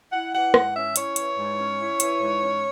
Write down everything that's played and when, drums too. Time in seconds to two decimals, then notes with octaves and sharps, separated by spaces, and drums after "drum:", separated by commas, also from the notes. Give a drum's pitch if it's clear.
0.12 E4 F#5
0.33 E3 F#5
0.54 G#2 F#5, drum: rim click
0.75 C#4 E5
0.96 E4 C#5, drum: hi-hat
1.16 E3, drum: hi-hat
1.38 G#2
1.58 C#4
1.80 E4
2.00 E3, drum: hi-hat
2.21 G#2
2.42 C#4